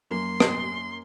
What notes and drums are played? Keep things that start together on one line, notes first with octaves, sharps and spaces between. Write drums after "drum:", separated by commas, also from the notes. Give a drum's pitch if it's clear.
F#2 A#3 C6
drum: rim click